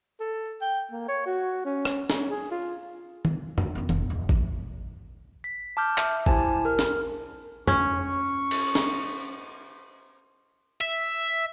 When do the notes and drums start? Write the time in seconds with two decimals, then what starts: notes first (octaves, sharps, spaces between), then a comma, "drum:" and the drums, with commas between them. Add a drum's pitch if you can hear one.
0.20 A4
0.62 G5
0.92 A#3
1.09 C#5
1.26 F#4
1.65 C#4
1.85 drum: rim click
2.10 C#4, drum: snare
2.31 G#4
2.51 F4
3.25 drum: tom D#3
3.58 drum: tom F2
3.75 D#3 B3
3.89 F1, drum: tom D#3
4.10 D1
4.29 E3 A3, drum: kick
5.44 B6
5.77 A5 D6 F6 G6
5.98 E5, drum: clap
6.26 E4 G4 C5 G#5 A5, drum: kick
6.65 A#4 F6
6.79 drum: snare
7.67 C#4 C#6, drum: tom F2
8.51 drum: cymbal
8.75 drum: snare
10.81 E5